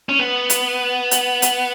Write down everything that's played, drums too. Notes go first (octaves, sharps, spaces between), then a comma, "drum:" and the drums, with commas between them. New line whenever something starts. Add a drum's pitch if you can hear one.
C#4
B3
drum: hi-hat
drum: hi-hat
drum: hi-hat